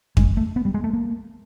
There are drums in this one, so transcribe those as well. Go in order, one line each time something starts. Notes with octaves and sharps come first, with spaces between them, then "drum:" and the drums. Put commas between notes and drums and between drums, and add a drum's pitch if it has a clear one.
G#3, drum: kick F2
A3
B3
G3
G#3
A3
A#3